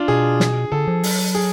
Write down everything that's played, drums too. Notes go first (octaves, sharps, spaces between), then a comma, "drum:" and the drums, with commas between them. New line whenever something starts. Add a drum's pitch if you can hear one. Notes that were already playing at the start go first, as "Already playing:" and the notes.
Already playing: D4 F4
B2 G#4
drum: snare
D3 A4
F3
F#3, drum: open hi-hat
G#4